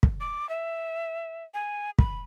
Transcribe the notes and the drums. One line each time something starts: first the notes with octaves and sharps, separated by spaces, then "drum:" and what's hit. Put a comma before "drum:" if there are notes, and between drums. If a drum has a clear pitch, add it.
drum: kick
D6
E5
G#5
B5, drum: kick